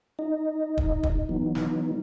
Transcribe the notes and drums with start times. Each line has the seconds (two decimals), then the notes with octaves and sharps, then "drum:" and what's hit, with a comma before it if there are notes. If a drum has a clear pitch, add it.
0.19 D#4 D#5
0.78 drum: kick
1.03 drum: kick
1.29 E3 F#3 B3 D#4
1.55 drum: snare